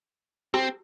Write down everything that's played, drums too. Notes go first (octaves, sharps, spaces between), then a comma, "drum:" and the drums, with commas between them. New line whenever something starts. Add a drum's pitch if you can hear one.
C4, drum: rim click